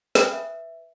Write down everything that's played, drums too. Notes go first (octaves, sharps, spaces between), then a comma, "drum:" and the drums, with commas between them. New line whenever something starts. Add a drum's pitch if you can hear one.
G5 G#5 B5 D#6 F6 F#6, drum: snare
B4 E5